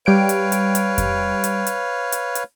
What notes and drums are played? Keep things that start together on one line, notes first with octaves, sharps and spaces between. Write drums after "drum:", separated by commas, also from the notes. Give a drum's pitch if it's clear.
G3 B4 C#5 F5 G5 D7
drum: hi-hat
drum: hi-hat
drum: hi-hat
drum: kick F2, hi-hat
drum: hi-hat
drum: hi-hat
drum: hi-hat
drum: hi-hat